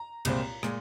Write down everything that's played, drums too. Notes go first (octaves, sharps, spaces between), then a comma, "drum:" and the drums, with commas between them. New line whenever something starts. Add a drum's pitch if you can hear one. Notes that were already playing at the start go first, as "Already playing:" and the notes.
Already playing: A#5
C2 A#2 G#3 C4, drum: cymbal
A#2 G#3, drum: rim click